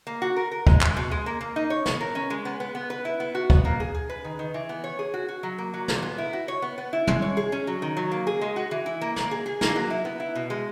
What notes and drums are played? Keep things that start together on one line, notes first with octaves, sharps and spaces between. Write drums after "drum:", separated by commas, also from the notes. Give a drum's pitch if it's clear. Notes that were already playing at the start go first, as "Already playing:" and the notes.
A#3
F#4
A#4
A#4
G#3, drum: kick D2
G#3, drum: clap
B2
G#3
A#3
A#3
D#4
C#5
B3, drum: snare
A#4
C#4
G#3
B3
B3
B3
B4
E4
B3
F#4
B3, drum: kick D2
A#3
G#4
G#4
B4
D#3
D#3
E3
B3
C#5
G#4
F#4
F#4
F#3
A#3
F#3
A#2, drum: snare
B3
E4
F#4
C#5
B3
B3
E4
G#3, drum: tom
C#5
G#4
C#4
F#3
D#3
F#3
A#3
G#4
G#3
F#4
E3
E4
A#3
A#3, drum: snare
G#4
G#4
A#3, drum: snare
F#3
E4
B3
E4
B2
G#3